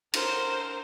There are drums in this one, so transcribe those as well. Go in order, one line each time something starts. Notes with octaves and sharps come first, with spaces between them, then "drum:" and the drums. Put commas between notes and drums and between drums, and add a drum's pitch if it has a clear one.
A#4 C5, drum: cymbal